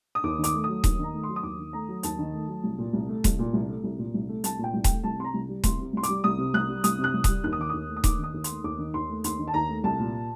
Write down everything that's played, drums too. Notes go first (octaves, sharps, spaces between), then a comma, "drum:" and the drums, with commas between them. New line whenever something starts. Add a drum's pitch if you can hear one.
D#6
D#2 D6
D#3
D6, drum: hi-hat
A3
F#3 D#6
D#2, drum: kick D#1, hi-hat
D#3 A#5
A3
C6
F#3
D#6
D#2 D6
D#3
A3 A#5
F#3
D#2 A5, drum: hi-hat
D#3
A3
F#3
C2
A#2
C2
A3
C2, drum: kick D#1, hi-hat
A#2
C2
A3
C2
A#2
C2
A3
C2 A5, drum: hi-hat
A#2 G5
C2
A3 G5, drum: kick D#1, hi-hat
C2 A5
C3 C6
A#5
C2
G3
C2 C6, drum: kick D#1, hi-hat
C3
C2 C6
D6, drum: hi-hat
G3
C2 D#6
C3
C2 F#6
G3
C2 D#6, drum: hi-hat
C3
F#6
C2
G3 D#6, drum: kick D#1, hi-hat
D#2 F#6
D#6
D#3 D6
D#2 D#6
A3
D#6
D#2 D6, drum: kick D#1, hi-hat
D#3 D#6
D#2
A3 C6, drum: hi-hat
D#2 D6
D#3
D#2 C6
A3
D#2 C6, drum: hi-hat
D#3
A5
D#2 A#5
A3
C2 A5
A#2